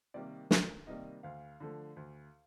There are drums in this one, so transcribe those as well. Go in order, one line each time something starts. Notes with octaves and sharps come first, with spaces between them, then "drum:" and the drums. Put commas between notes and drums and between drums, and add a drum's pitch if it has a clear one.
C3 D#3 G3 A#3 D5
D2 A#4, drum: snare
C3 D#3 G3 A#3 D#5
D2 F5
D3 F3 A3
D2